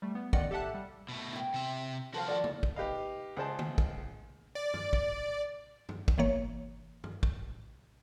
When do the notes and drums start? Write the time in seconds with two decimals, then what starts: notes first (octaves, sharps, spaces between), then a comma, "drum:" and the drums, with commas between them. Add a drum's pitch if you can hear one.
0.02 G3 A3
0.15 B3
0.33 A1 D#3 D5 D#5 F#5 C#7, drum: kick
0.51 G4 A4 E5 F#5 A5 F#6
0.74 G3
1.09 B2 A3
1.33 E4 G5
1.54 C3 E5
2.14 F3 F#4 A4 C5 F5
2.28 F4 A4 D5 F#5
2.44 drum: tom
2.63 drum: kick
2.76 D#4 G4 B4 D#5 F5
3.37 C#2 G#3 C5 A5
3.59 drum: tom D3
3.78 drum: kick
4.55 D5
4.74 drum: tom G2
4.93 drum: kick
5.89 drum: tom G2
6.08 drum: kick
6.18 G1 E3 A#3 C#5
7.04 drum: tom G2
7.23 drum: kick